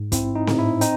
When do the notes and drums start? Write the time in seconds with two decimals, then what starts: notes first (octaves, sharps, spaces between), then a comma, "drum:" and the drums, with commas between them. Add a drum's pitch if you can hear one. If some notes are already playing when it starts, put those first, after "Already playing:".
Already playing: G#2
0.12 C4 E4, drum: kick, hi-hat
0.35 D#4
0.47 A2, drum: snare C4
0.58 E4
0.81 C4 D#4, drum: hi-hat